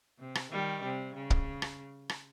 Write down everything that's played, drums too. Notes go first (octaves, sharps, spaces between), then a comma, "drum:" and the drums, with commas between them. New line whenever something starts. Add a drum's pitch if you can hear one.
C3
drum: rim click
D#3 G3
C3
C#3
drum: kick
drum: rim click
drum: rim click